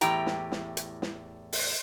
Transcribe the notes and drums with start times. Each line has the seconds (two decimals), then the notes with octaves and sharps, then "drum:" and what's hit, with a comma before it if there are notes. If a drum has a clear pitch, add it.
0.01 E2 A2 G4 G5 A#5, drum: hi-hat
0.26 drum: snare
0.52 drum: snare
0.77 drum: hi-hat
1.02 drum: snare
1.53 drum: open hi-hat